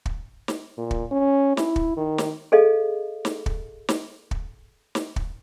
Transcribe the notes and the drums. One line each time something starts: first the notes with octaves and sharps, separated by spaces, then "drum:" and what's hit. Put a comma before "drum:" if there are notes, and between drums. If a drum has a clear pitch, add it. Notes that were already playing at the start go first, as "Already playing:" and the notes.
drum: kick
drum: snare
A#2
drum: kick
C#4
E4, drum: snare
drum: kick
D#3
drum: snare
G#4 A4 D#5 F5
drum: snare
drum: kick
drum: snare
drum: kick
drum: snare
drum: kick